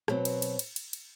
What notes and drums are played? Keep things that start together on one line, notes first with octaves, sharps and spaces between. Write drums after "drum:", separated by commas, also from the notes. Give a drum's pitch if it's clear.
B2 F#3 C4, drum: rim click
drum: cymbal
drum: cymbal
drum: cymbal
drum: cymbal
drum: cymbal